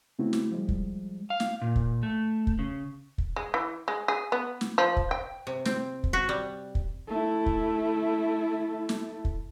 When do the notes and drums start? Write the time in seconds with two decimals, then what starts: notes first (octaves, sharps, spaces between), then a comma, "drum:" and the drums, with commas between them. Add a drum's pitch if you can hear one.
0.18 C#3 A3 B3 C4 E4 F#4
0.33 drum: snare
0.51 F3 G3 G#3
0.68 drum: kick
1.30 F5
1.40 drum: snare
1.62 A#2
1.75 drum: kick
2.03 A3
2.47 drum: kick
2.59 C#3
3.18 drum: kick
3.36 G#3
3.54 E3
3.88 G#3
4.08 G#4
4.32 B3
4.61 drum: snare
4.78 F3
4.97 drum: kick
5.11 G5
5.47 C3
5.65 C4, drum: snare
6.04 drum: kick
6.13 F#4
6.29 G3
6.75 drum: kick
7.08 A3 E4
7.46 drum: kick
8.89 drum: snare
9.25 drum: kick